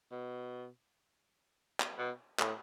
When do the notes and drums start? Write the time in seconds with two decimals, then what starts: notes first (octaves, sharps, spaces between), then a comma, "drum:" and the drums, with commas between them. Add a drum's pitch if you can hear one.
0.11 B2
1.80 drum: clap
1.98 B2
2.39 A2, drum: clap